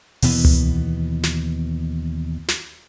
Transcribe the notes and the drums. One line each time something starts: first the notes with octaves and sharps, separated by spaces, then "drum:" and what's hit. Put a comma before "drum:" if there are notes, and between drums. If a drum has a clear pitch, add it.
D#2 B2 E3 B3, drum: open hi-hat
drum: tom C#2
drum: snare
drum: snare